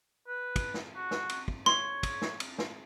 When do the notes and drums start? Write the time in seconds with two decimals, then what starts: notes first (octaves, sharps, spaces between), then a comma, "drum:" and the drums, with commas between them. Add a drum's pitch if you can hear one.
0.28 B4
0.56 drum: kick, cymbal
0.74 drum: snare
0.96 F#4
1.11 drum: snare
1.29 drum: cymbal
1.48 drum: kick
1.66 C#5 C6, drum: snare
2.03 drum: kick, cymbal
2.22 drum: snare
2.40 drum: cymbal
2.58 drum: snare